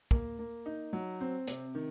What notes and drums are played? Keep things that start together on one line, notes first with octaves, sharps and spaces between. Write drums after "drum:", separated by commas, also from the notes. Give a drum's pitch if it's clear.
A#3, drum: kick
A#3
D#4
F#3
C4
C3, drum: hi-hat
D#3